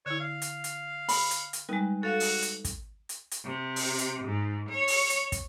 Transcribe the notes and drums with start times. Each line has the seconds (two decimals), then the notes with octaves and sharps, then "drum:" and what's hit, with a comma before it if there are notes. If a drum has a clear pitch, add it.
0.06 D3 E4 C#5
0.20 F5
0.42 drum: hi-hat
0.64 drum: hi-hat
1.08 B5, drum: open hi-hat
1.31 drum: hi-hat
1.53 drum: hi-hat
1.69 G3 G#3 D#4 B4
2.03 F#4 A4 F5
2.20 drum: open hi-hat
2.42 drum: hi-hat
2.65 drum: kick, hi-hat
3.09 drum: hi-hat
3.31 drum: hi-hat
3.45 C3
3.76 drum: open hi-hat
3.98 drum: hi-hat
4.25 G#2
4.69 C#5
4.88 drum: open hi-hat
5.10 drum: hi-hat
5.32 drum: kick, hi-hat